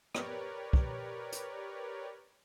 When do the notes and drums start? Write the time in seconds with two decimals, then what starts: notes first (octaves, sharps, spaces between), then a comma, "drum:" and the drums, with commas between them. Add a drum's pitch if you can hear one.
0.15 G4 A#4 B4 C#5 D5, drum: rim click
0.73 drum: kick
1.32 drum: hi-hat